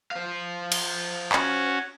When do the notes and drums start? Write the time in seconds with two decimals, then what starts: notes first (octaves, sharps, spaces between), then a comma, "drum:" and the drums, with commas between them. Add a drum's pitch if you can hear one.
0.11 C5 F5
0.72 drum: cymbal
1.32 C#4 F#4, drum: clap